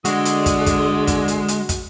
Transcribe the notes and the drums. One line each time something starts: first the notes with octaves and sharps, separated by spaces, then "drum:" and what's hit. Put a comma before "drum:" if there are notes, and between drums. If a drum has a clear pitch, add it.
D3 G#3 F#4 D#6, drum: hi-hat
drum: hi-hat
drum: kick, hi-hat
drum: kick, hi-hat
drum: kick, hi-hat
drum: hi-hat
drum: hi-hat
drum: kick, hi-hat